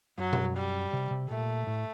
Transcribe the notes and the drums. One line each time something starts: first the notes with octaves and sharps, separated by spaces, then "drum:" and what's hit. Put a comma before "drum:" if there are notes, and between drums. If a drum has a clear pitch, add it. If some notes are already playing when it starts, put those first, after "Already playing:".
F#2 F#3
drum: tom B2
G3
C3
C3
A#2 A3
A2